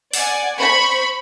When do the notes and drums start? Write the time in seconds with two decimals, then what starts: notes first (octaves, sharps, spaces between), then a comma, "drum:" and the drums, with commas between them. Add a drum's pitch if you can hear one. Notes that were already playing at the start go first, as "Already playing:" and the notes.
0.13 D5 F#5 G#5, drum: open hi-hat
0.57 C5 B5 C#6